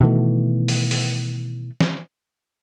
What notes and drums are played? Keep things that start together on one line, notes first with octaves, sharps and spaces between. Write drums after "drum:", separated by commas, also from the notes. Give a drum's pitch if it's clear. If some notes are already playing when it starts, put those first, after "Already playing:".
B2 D#3 E3 A3
drum: open hi-hat
drum: open hi-hat
drum: snare